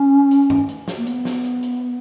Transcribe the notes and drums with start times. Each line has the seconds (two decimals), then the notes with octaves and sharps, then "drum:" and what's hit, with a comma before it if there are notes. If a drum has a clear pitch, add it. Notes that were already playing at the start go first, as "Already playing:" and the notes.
Already playing: C#4
0.31 drum: hi-hat
0.50 drum: tom
0.69 drum: hi-hat
0.88 drum: snare
0.97 A#3
1.07 B3, drum: hi-hat
1.25 drum: snare
1.44 drum: hi-hat
1.63 drum: hi-hat